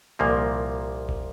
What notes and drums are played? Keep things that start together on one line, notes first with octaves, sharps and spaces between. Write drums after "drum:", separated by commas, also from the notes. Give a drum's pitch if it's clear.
C2 A#2 F3 A#3
drum: kick F1